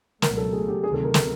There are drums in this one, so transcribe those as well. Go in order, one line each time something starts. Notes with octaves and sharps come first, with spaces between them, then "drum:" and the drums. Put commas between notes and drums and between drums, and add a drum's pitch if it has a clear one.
C#2 B2 F#3 A3 A#4, drum: snare
A4
G#4
G4
D2 C3 D#3 F#3 G#4
A4
A#4
A#4, drum: snare